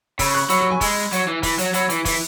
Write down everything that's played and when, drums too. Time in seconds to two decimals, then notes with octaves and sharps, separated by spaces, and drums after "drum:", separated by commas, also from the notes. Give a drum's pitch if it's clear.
0.19 C#3 B5 E6, drum: kick, open hi-hat
0.34 C#6 F#6
0.50 F#3 B5 E6, drum: hi-hat
0.61 B5 E6
0.70 G#5 C#6
0.81 G#3 B5 E6, drum: kick, open hi-hat
1.12 F#3, drum: hi-hat
1.27 E3
1.43 E3, drum: kick, open hi-hat
1.59 F#3, drum: hi-hat
1.74 F#3 B5 E6, drum: hi-hat
1.90 E3, drum: hi-hat
2.05 E3, drum: kick, open hi-hat